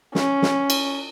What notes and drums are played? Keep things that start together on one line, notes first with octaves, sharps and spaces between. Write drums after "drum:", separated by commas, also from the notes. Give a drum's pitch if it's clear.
C#4, drum: snare
drum: snare
drum: cymbal